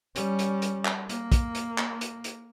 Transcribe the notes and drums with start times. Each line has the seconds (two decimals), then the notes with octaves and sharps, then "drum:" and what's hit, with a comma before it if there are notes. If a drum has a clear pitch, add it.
0.16 G3 C#4, drum: hi-hat
0.39 drum: hi-hat
0.62 drum: hi-hat
0.85 drum: clap
1.09 A#3, drum: hi-hat
1.32 drum: kick, hi-hat
1.55 drum: hi-hat
1.78 drum: clap
2.01 drum: hi-hat
2.24 drum: hi-hat